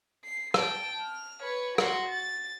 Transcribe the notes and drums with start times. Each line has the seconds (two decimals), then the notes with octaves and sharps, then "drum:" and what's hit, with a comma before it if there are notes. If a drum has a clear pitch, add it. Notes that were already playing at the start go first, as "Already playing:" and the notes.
0.25 C7
0.54 G5 A5, drum: rim click
1.02 F6
1.41 B4 C#5
1.78 F#4 C6, drum: rim click
2.09 A6